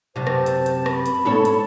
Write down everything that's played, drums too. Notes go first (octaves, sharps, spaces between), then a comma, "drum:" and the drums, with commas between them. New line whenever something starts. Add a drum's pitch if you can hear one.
F#2 C3 C5 A5
drum: rim click
drum: hi-hat
drum: hi-hat
B5, drum: rim click
drum: hi-hat
G#2 A4 C#5 A5, drum: tom
drum: hi-hat